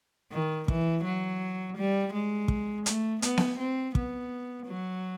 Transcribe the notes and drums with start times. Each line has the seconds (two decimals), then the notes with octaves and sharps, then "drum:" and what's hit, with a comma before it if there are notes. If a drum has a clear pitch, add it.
0.32 D#3
0.68 E3, drum: kick
1.04 F#3
1.77 G3
2.13 G#3
2.48 drum: kick
2.86 A3, drum: hi-hat
3.22 B3, drum: hi-hat
3.37 drum: snare B3
3.58 C4
3.95 B3, drum: kick
4.67 F#3